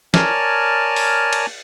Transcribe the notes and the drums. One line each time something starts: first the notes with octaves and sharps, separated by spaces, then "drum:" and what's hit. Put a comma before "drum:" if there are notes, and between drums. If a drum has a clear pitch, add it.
A#4 C#5 D5 G#5 A5 F6, drum: snare
drum: open hi-hat
drum: cymbal